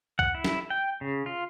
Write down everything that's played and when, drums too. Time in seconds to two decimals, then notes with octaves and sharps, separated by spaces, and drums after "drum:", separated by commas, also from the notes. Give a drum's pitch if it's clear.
0.19 F#5, drum: kick C2
0.35 E4
0.45 drum: snare
0.70 G5
1.01 C#3
1.26 F4